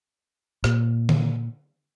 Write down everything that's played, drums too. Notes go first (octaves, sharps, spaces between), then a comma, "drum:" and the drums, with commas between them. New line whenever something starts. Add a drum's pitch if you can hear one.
A#2, drum: rim click
drum: tom D3